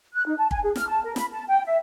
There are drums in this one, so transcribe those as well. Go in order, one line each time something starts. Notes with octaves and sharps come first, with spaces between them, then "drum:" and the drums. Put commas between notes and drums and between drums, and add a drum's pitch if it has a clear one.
F#6
D#4
A5
G#5, drum: kick
G#4
F6, drum: snare
A5
A#4
B5, drum: snare
A5
G5
E5